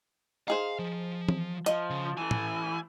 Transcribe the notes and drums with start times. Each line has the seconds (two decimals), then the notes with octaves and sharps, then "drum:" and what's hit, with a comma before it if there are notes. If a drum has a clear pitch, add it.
0.48 D#4 G#4 C5 F5
0.79 F3
1.29 drum: tom E3
1.66 F3 D#5, drum: hi-hat
1.90 C#3
2.18 E3 A3 G#5
2.31 drum: tom A2